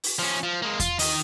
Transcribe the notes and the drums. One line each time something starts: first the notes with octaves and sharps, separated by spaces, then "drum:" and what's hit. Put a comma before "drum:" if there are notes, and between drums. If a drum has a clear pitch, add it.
drum: open hi-hat
F3 C#4
F3
G#3 A#3
F4, drum: kick E2, hi-hat
D#3 D#5, drum: open hi-hat